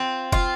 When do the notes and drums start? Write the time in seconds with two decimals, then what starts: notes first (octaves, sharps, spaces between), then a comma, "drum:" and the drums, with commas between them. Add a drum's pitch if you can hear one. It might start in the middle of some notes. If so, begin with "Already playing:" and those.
Already playing: C4 F4
0.32 F4, drum: kick F#1